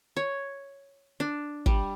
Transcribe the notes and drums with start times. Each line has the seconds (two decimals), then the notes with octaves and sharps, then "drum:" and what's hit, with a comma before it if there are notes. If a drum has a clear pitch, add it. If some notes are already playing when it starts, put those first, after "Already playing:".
0.17 C#5
1.20 D4
1.66 G3, drum: kick